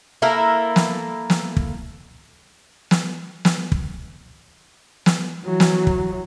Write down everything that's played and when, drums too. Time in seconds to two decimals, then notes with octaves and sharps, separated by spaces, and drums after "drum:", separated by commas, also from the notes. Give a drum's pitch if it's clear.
0.22 A#3 E4 A4 A#4
0.76 drum: snare
1.30 drum: snare
1.57 drum: kick
2.91 drum: snare
3.45 drum: snare
3.72 drum: kick
5.06 drum: snare
5.44 E3 F#3
5.60 drum: snare
5.87 drum: kick